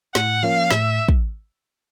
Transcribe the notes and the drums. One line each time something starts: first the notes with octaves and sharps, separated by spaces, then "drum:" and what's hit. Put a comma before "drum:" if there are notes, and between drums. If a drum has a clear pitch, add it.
A2 F#5, drum: snare
F3 A#3 C#4 F5
A2 E5, drum: snare
drum: kick